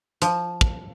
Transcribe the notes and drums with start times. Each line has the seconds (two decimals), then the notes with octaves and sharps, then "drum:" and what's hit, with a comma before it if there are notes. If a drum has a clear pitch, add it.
0.22 F3, drum: hi-hat
0.61 drum: kick